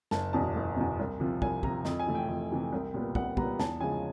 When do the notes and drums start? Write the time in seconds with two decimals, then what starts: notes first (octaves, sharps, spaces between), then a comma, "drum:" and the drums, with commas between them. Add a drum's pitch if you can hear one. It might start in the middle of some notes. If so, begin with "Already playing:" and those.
0.11 F#1 A5, drum: snare
0.33 E2 B2 A5
0.56 F#1
0.76 E2 B2
0.99 C2
1.20 C3 F3
1.42 C2 G#5, drum: kick
1.63 C3 F3 A#5, drum: kick
1.85 F2, drum: snare
1.99 G#5
2.07 C3 E3 A3
2.15 G5
2.28 F2
2.51 C3 E3 A3
2.72 C2
2.94 A#2 G3 B3
3.15 C2 F#5, drum: kick
3.37 A#2 G3 B3 A#5, drum: kick
3.60 E2 A5, drum: snare
3.80 C#3 F3 G#3 G#5